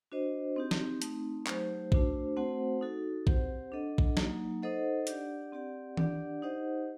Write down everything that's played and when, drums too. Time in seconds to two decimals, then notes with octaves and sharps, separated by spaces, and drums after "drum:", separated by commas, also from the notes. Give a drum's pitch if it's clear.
0.12 D4 F#4 C5 D#5
0.56 C4 D#4 G4
0.71 drum: snare
1.02 A3 C4 D#4, drum: hi-hat
1.47 F#3 A3 D#4 G4 C5, drum: clap
1.92 A3 D4 F#4 C5, drum: kick A#1
2.37 A3 C4 F#4 C5 F#5
2.81 D#4 F#4 A4
3.27 C4 G4 C5 F#5, drum: kick A#1
3.72 D4 A4 D#5 F#5
3.98 drum: kick A#1
4.17 F#3 A#3 D#4, drum: snare
4.63 D#4 A4 C5 D#5 F#5
5.07 D4 G4 D5 F#5, drum: hi-hat
5.52 C4 G4 D5 F#5
5.97 D4 G4 D5 F#5, drum: tom D#3
6.42 D#4 G4 C5 D#5 F#5